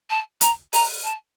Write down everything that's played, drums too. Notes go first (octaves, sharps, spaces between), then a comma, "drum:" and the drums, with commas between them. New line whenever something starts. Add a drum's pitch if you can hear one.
A5
A#5, drum: hi-hat
A#5, drum: open hi-hat
A5